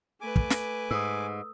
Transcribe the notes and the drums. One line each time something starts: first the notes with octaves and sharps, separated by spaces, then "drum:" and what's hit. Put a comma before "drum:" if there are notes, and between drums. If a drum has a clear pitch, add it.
A3 B4 G#5 D6
drum: kick
drum: snare
G#2 D#6 E6